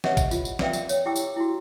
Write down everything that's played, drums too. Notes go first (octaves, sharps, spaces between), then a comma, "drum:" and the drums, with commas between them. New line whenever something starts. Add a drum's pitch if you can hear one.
G4 B4 C#5 D#5 E5 F#5, drum: snare
drum: kick, tambourine
F4, drum: tambourine
drum: tambourine
A#4 B4 D5 E5 F5 G5, drum: snare
drum: tambourine
C#5, drum: tambourine
E4 G4 G5 D6 E6
drum: tambourine
E4 F#4